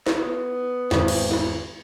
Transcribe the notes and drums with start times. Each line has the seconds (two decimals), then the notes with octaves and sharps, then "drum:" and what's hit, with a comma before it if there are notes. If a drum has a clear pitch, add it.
0.07 drum: snare
0.21 B3
0.91 G#1 E2, drum: snare
1.08 drum: cymbal
1.31 drum: snare